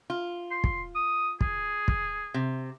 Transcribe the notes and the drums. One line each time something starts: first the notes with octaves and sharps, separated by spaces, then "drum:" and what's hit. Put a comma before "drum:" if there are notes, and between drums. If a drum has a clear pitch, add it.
F4
C6
drum: kick
D#6
G#4, drum: kick
drum: kick
C3